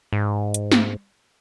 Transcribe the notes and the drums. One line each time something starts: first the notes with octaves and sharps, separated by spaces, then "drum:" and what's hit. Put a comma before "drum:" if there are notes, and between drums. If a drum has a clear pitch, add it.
G#2
drum: hi-hat
drum: snare